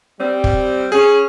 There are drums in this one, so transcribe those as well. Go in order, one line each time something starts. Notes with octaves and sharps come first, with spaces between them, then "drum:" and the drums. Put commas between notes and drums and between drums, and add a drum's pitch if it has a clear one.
G3 C4
drum: kick
C#4 G#4